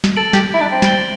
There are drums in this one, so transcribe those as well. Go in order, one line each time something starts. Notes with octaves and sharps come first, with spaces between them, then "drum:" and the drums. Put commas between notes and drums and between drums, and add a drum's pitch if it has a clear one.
drum: snare
A4 A6 D7 F#7
G4, drum: snare
E4
D4
C4
A6 D7 G7, drum: snare